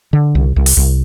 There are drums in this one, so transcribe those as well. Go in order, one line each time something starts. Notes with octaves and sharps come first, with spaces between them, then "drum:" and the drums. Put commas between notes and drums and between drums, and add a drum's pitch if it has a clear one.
D3
C2
C2
drum: open hi-hat
C2